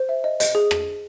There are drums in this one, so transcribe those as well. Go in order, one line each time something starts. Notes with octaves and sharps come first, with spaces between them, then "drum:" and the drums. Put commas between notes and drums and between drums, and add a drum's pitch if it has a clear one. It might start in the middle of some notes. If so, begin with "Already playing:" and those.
Already playing: C5
E5
D#5
D#5, drum: hi-hat
G#4
drum: rim click